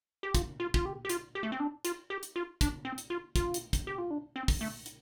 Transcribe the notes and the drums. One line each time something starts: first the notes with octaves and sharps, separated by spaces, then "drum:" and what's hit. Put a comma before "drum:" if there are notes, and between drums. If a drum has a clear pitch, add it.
G4
F4, drum: kick, hi-hat
F4
F4, drum: kick
G4
G4
F4, drum: hi-hat
G4
A3
C4
D4
F4, drum: hi-hat
G4
drum: hi-hat
F4
D4, drum: kick, hi-hat
C4
drum: hi-hat
F4
F4, drum: kick, hi-hat
drum: hi-hat
drum: kick, hi-hat
G4
F4
D4
C4
drum: kick, open hi-hat
A3
drum: hi-hat